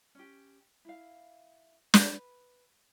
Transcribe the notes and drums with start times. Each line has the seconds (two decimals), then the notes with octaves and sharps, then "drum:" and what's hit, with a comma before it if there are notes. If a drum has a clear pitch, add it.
0.15 C#4 G4
0.85 E4 F5
1.94 B4, drum: snare